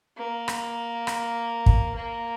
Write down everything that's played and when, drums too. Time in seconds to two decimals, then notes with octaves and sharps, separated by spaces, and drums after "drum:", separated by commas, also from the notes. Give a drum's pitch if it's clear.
0.17 A#3
0.48 drum: rim click
1.07 drum: rim click
1.66 drum: kick
1.95 A#3